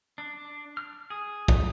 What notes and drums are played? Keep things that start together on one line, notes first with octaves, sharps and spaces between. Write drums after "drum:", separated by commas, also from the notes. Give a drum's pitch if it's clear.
D4
F6
G#4
drum: kick